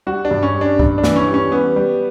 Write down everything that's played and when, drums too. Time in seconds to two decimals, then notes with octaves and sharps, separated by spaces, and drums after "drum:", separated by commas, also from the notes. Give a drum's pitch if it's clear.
0.07 G3 F#4
0.25 D4
0.31 G2
0.43 C#4
0.55 G3
0.61 D4
0.79 G2, drum: kick C2
0.98 D4
1.04 E3, drum: snare
1.16 C#4
1.27 G3
1.34 C#4
1.52 G3 B3
1.76 G3